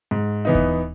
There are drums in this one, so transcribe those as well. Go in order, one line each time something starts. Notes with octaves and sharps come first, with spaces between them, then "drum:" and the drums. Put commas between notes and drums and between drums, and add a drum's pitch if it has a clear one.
G#2
E3 B3 D#4
drum: kick D#2